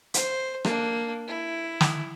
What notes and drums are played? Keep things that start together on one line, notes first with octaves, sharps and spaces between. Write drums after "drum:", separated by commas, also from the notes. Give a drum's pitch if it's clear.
C5, drum: hi-hat
A#3 D4, drum: rim click
E4
drum: snare